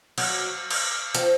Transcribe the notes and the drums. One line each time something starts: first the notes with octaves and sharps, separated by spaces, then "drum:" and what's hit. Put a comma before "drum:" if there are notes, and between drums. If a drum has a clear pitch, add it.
F#3, drum: cymbal
drum: cymbal
F3, drum: hi-hat